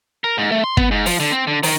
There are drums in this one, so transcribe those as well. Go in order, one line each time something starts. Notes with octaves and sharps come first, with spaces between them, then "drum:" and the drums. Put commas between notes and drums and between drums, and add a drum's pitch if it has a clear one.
A#4
G#2
A3
C6
B3, drum: kick
G#2
F3, drum: open hi-hat
D3
C4
D3
D#3, drum: open hi-hat